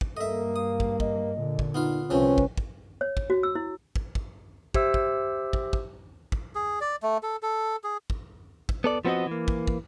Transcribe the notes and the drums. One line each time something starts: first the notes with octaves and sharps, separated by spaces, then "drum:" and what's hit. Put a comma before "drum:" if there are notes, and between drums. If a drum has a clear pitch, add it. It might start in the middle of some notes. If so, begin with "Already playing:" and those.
drum: kick
G2 A#3 A4 D#5 E5
F5 D#6
drum: kick
D#5, drum: kick
A#2 D3
drum: kick
B3 D#4 F4 F5
C2 C#3 F3 C4 C#4 B4
drum: kick
drum: kick
C#5
drum: kick
F#4
E6
E4
drum: kick
drum: kick
G4 C5 E5 E6, drum: kick
drum: kick
drum: kick
drum: kick
drum: kick
G#4
D5
A3
A4
A4
G#4
drum: kick
drum: kick
B3 A4 D5
F3 B3 C4 D#4 F#4 D#5
E3 A#3
drum: kick
drum: kick